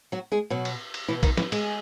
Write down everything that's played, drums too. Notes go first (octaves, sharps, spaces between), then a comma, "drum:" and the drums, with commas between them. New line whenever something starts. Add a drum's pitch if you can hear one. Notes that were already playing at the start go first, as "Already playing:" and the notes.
F#3 F#4
G#3 G#4
B2 F#3 F#4
drum: cymbal
drum: cymbal
B2 E3 E4
D#3 D#4, drum: kick, cymbal
E3 E4, drum: snare
G#3 G#4, drum: cymbal